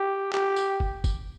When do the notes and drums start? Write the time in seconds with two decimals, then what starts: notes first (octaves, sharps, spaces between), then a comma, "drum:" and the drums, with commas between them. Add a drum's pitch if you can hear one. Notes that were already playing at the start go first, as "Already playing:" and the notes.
Already playing: G4
0.33 G4, drum: clap
0.56 drum: tambourine
0.80 drum: kick
1.04 drum: kick, tambourine